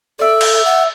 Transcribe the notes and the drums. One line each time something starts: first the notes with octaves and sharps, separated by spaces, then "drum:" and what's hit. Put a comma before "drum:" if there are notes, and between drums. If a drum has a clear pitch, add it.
A4 D5 E5
drum: cymbal
F#5